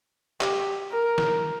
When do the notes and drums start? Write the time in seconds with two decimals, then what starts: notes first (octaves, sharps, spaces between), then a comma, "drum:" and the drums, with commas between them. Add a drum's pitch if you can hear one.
0.41 G4, drum: clap
0.92 A#4
1.18 drum: snare